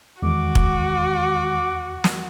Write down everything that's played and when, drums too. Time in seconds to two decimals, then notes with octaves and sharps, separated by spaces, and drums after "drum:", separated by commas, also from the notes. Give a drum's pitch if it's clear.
0.22 E2 D#3 G#3 F#4 D6
0.55 drum: kick
2.04 drum: snare